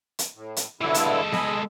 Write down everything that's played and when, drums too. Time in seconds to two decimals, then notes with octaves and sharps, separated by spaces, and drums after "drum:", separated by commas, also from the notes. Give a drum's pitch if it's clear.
0.19 drum: hi-hat
0.36 A2
0.56 drum: hi-hat
0.81 G2 D3 E3 F#3 E4
0.94 G#3 A4, drum: hi-hat
1.32 G#4 D#5 B5, drum: snare B3